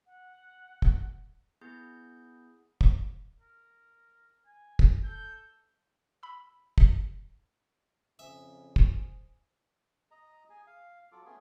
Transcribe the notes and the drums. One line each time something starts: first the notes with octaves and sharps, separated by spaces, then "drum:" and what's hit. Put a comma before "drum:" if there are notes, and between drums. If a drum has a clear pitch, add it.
F#5
drum: kick
B3 E4 G#4 G6
drum: kick
A#4
G#5
drum: kick
A4 G6
B5 E6
drum: kick
F2 C#3 C5 E5 G#5 D#6
drum: kick
D#5 A#5
G#4 G#5
F5
F#3 F4 A4 D6
A3 B3 C#4 G#4